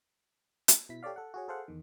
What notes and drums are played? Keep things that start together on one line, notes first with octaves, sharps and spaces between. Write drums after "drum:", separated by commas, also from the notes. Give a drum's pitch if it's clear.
drum: hi-hat
B2 E4 B6
G4 A4 C#5 D5 F5
A4 F#5
F#4 G#4 C#5
G#4 A4 C5 F5 F#5
E2 D#3